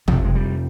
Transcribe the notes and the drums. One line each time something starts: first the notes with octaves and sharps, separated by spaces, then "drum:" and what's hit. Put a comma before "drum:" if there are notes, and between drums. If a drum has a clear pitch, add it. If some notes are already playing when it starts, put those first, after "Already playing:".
F2 C3 F3, drum: tom
G#3
G3